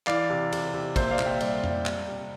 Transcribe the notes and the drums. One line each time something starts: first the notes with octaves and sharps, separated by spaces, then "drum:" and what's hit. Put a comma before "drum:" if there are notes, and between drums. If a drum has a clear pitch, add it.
E3 D5 F5, drum: clap
C3
C3, drum: cymbal
C3
A#2 C5 E5, drum: kick, cymbal
D5 F5
A#2, drum: clap
E5 G5
G3 D5 F5, drum: cymbal
G3, drum: tom F2
C3, drum: clap
C3